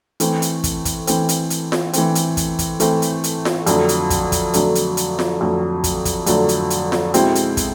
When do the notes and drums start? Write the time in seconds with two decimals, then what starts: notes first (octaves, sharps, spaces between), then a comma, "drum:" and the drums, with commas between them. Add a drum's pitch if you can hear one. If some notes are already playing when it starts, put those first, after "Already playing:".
0.20 E3 A3 C4, drum: hi-hat
0.42 drum: hi-hat
0.64 drum: kick, hi-hat
0.85 drum: kick, hi-hat
1.07 E3 A3 C4, drum: hi-hat
1.29 drum: hi-hat
1.50 drum: hi-hat
1.72 drum: snare F4
1.93 E3 A3 C4, drum: hi-hat
2.15 drum: hi-hat
2.37 drum: kick, hi-hat
2.59 drum: kick, hi-hat
2.80 E3 A3 C4, drum: hi-hat
3.02 drum: hi-hat
3.24 drum: hi-hat
3.45 drum: snare F4
3.66 F2 D3 F#3 A3, drum: hi-hat
3.89 drum: hi-hat
4.10 drum: kick, hi-hat
4.32 drum: kick, hi-hat
4.54 F2 D3 F#3 A3, drum: hi-hat
4.75 drum: hi-hat
4.97 drum: hi-hat
5.19 drum: snare F4
5.41 F2 D3 F#3 A3
5.84 drum: kick, hi-hat
6.05 drum: kick, hi-hat
6.26 F2 D3 F#3 A3, drum: hi-hat
6.49 drum: hi-hat
6.70 drum: hi-hat
6.92 drum: snare F4
7.14 B2 G#3 C4 E4, drum: hi-hat
7.35 drum: hi-hat
7.57 drum: kick, hi-hat